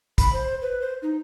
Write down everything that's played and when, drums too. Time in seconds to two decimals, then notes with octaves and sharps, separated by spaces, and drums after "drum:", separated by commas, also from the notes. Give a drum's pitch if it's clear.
0.18 B5, drum: kick, hi-hat
0.33 C5
0.62 B4
0.81 C5
1.02 D#4